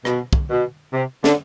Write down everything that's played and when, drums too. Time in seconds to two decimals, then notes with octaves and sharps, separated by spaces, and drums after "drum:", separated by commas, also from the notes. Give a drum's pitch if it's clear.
0.05 B2, drum: rim click
0.33 drum: kick
0.50 B2
0.93 C3
1.24 D3, drum: snare